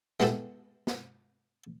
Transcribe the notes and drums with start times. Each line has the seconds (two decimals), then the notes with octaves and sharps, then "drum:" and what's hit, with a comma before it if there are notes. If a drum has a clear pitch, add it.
0.20 G#3 B3 E4 G4 A4, drum: snare
0.87 drum: snare